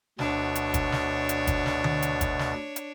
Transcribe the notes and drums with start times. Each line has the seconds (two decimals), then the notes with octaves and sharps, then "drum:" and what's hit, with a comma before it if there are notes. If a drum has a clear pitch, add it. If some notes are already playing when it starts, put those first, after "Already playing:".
0.19 D2 B2 D4 C#5 A6, drum: snare
0.56 drum: hi-hat
0.74 drum: kick, hi-hat
0.92 drum: snare
1.29 drum: hi-hat
1.47 drum: kick, hi-hat
1.66 drum: snare
1.84 drum: tom D3
2.03 drum: hi-hat
2.21 drum: kick, hi-hat
2.39 drum: snare
2.76 drum: hi-hat